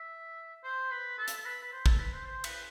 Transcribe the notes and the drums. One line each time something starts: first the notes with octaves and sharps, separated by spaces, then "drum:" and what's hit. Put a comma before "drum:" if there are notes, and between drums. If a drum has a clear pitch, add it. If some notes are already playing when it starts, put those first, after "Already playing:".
Already playing: E5
C5
B4
A4
drum: hi-hat
B4
B4
C5
A4, drum: kick
B4
C5
C5
B4, drum: cymbal